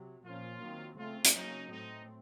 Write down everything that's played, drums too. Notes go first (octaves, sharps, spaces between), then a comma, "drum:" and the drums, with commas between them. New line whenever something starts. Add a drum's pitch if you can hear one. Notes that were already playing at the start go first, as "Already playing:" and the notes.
Already playing: C3 F#3
A#2 F3 A#3 C#4 F4
D#3 F#3 C4
C#3 A3 C4 F4
drum: hi-hat
C#3 F#3 A#3 C#4 D#4
A2 A3 C4 D#4